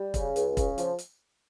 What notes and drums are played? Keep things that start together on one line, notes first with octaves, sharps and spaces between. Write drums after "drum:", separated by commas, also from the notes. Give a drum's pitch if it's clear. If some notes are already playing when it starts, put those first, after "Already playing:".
Already playing: G3
C#3, drum: kick, hi-hat
C#2, drum: hi-hat
C#3, drum: kick, hi-hat
F3, drum: hi-hat
drum: hi-hat